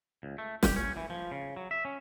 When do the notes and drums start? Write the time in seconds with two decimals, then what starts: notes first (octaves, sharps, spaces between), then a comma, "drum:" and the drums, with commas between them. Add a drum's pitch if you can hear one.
0.23 C#2
0.38 A3
0.63 G4, drum: snare
0.76 C#4
0.97 E3
1.10 F3
1.31 C#3
1.57 F#3
1.71 E5
1.85 C#4